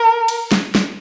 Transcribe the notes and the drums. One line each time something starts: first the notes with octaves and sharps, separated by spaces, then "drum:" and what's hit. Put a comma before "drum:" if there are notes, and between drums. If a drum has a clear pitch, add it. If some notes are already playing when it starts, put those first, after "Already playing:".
Already playing: A#4
drum: cymbal
drum: snare
drum: snare